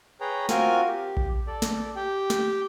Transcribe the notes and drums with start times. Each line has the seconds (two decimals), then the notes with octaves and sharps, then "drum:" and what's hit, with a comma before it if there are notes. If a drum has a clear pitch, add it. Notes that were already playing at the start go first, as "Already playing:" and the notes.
0.21 G#4 B4 C#5 G5 A#5
0.49 C4 F4 F#4 A#4 G#5, drum: snare
0.88 G4
1.17 drum: kick A#1
1.47 A4 D5
1.62 drum: snare
1.96 G4 G5
2.30 drum: snare